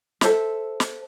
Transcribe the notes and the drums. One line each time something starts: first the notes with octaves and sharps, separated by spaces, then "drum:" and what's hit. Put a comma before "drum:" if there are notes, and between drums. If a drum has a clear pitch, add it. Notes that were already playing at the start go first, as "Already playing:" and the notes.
A4 C5 E5, drum: snare
drum: snare